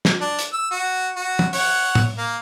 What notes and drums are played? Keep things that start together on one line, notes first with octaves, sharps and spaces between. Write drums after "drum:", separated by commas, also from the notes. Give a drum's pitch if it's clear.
drum: snare
D4
drum: hi-hat
E6
F#4
F#4
drum: tom
C#5 F#5, drum: open hi-hat
drum: tom A2
A#3